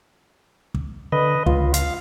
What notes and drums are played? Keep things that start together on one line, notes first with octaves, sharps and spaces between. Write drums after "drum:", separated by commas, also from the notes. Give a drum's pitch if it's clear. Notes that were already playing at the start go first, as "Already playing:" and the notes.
drum: kick
D3 B4 D#5
C#2 F4, drum: kick
F5, drum: hi-hat